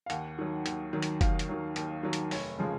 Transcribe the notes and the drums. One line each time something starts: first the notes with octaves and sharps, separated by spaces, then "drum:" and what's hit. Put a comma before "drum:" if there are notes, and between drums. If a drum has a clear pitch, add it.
F5
D#2 F#5, drum: hi-hat
D#3 F#3
D#2, drum: hi-hat
D#3 F#3
drum: hi-hat
D#2 F5, drum: kick, hi-hat
drum: hi-hat
D#3 F#3
D#2, drum: hi-hat
D#3 F#3
drum: hi-hat
F1 C#5, drum: open hi-hat
C#3 F3 G#3